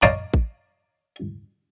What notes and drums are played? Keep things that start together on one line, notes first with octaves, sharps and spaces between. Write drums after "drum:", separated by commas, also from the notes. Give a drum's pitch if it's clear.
C#5 D#5 F5 A5 A#5 D6, drum: clap
drum: kick A1